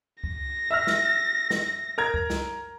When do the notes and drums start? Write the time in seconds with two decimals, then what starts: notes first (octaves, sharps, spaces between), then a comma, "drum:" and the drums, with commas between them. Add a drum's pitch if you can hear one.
0.24 A#6, drum: kick C2
0.71 E5 E6 F6
0.87 drum: snare
1.51 drum: snare
1.98 A#4 A#5 G#6
2.14 drum: kick C2
2.30 drum: snare